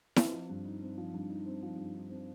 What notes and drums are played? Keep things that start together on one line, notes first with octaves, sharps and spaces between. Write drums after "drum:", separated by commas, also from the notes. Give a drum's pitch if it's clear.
C4, drum: snare E4
F3
G2
D#4
C4
F3
G2
D#4
C4
F3
G2
D#4
C4